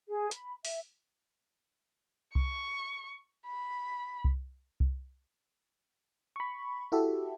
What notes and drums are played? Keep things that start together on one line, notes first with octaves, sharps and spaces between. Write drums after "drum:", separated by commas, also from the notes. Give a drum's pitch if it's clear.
G#4
B5, drum: hi-hat
E5, drum: open hi-hat
C#6, drum: kick C2
B5
drum: kick C2
drum: kick C2
B5 C#6
E4 F#4 G4 A4 E5